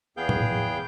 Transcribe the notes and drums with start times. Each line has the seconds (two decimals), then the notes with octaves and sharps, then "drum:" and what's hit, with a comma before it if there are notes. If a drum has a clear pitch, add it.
0.17 E2 B3 G#4 F5 G5 G6
0.29 drum: tom A2